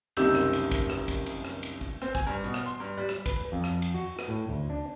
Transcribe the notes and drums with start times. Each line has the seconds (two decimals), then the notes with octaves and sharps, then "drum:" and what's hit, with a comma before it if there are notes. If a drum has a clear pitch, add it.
0.17 F#1 C2 D#3 G4 E6 G6, drum: cymbal
0.35 drum: rim click
0.53 drum: cymbal
0.71 drum: kick A1, cymbal
0.90 drum: rim click
1.08 drum: kick A1, cymbal
1.26 drum: cymbal
1.45 drum: rim click
1.63 drum: cymbal
1.81 drum: kick A1
2.02 C4, drum: rim click
2.15 G#5, drum: kick A1
2.27 G2
2.44 B2
2.54 drum: rim click
2.66 C6
2.80 G2
2.98 G3
3.09 drum: rim click
3.26 B4, drum: kick A1, cymbal
3.52 F2
3.64 drum: rim click
3.82 drum: cymbal
3.94 F#4
4.19 drum: rim click
4.28 A2
4.49 D2
4.70 D4